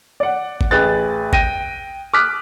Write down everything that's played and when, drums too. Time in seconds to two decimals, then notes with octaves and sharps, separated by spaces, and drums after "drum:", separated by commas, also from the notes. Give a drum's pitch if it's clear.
0.20 D5 F#5
0.61 drum: kick G#1
0.71 A1 G#4 B4 F#6 A6
1.33 G5 A#6 D#7, drum: kick G#1
2.14 D6 D#6 F6 F#6 B6